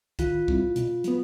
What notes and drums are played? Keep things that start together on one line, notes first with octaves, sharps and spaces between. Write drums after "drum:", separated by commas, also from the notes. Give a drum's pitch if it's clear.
D#3 F4, drum: kick, hi-hat
G3 C4 E4, drum: kick
B2, drum: hi-hat
F#3 B3, drum: hi-hat